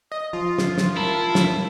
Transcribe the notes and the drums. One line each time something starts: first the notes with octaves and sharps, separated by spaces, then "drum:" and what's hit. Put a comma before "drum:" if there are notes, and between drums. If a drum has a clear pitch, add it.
D#5 D#6
F3 F4
drum: snare
drum: snare
E4 A#4 A5
drum: snare